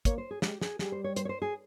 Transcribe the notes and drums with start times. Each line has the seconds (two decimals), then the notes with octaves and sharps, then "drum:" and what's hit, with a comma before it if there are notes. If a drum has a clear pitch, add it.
0.05 A#3 C#5, drum: kick, hi-hat
0.18 C5
0.31 G#4
0.42 G#3 G4, drum: snare
0.61 G#4, drum: snare
0.79 G3 G#4, drum: snare
0.92 C5
1.04 C#5
1.16 C5, drum: hi-hat
1.25 C#5
1.29 C5
1.42 G#4